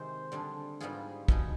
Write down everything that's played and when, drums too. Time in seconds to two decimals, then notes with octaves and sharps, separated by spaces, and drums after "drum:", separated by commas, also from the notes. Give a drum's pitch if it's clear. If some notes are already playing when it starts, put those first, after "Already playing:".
Already playing: C3 D#3 G#3 C5
0.32 D3 G3 D4 G#4
0.80 G#2 G3 B3 F4 G#4
1.28 B2 B3 D#4 G#4, drum: kick